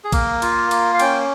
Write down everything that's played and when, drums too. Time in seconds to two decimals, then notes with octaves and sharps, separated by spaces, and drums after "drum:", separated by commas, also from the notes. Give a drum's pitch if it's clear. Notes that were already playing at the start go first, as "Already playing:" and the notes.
0.04 G#4
0.12 A#3 A#4, drum: kick A#1, cymbal
0.42 F4, drum: cymbal
0.71 A#3, drum: cymbal
0.94 F5
1.00 C#4 G5, drum: cymbal